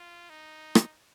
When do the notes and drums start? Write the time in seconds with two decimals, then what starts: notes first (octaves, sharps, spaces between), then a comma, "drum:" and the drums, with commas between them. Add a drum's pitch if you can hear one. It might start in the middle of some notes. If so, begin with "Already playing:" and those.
Already playing: F4
0.29 D#4
0.75 drum: rim click